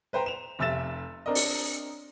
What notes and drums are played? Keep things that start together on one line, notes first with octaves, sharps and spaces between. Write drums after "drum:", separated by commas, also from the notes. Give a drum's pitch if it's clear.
B4 C5 G5 A#5
E7 F7
F1 C3 E5 E6 A6 E7
C4 D4 A#4 D5 D#5
drum: open hi-hat